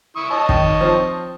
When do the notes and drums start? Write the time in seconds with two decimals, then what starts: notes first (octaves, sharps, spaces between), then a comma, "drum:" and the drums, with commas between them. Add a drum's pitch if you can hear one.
0.16 E4 C#6 D#6
0.30 C#5 D#5 A5
0.49 D#3, drum: kick
0.81 F3 C4